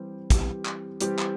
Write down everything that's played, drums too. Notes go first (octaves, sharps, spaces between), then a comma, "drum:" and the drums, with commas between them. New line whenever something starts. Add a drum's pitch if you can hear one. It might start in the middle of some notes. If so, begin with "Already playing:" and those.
Already playing: E3 G3 C4 G4
E3 G3 C4 G4, drum: kick, hi-hat
drum: clap
E3 G3 C4 G4, drum: hi-hat
drum: clap